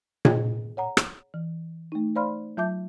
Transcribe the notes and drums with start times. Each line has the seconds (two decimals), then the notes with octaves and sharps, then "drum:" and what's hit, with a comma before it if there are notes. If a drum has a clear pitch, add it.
0.25 G#4 D#5 G#6, drum: tom A#2
0.77 C#5 F#5 A#5
0.97 drum: rim click
1.34 E3
1.92 A3 D#4
2.16 C5 D5 F5 B5 C6 F6
2.57 F#3 F4 E5 A5 D6 G6